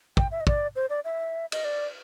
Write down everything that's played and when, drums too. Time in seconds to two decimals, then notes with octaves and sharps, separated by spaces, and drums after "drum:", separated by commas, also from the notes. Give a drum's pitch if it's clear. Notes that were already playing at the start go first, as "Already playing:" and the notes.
0.17 G5, drum: kick
0.32 E5
0.41 D#5
0.47 D5, drum: kick
0.76 C5
0.90 D5
1.05 E5
1.52 D#5, drum: cymbal
1.65 D5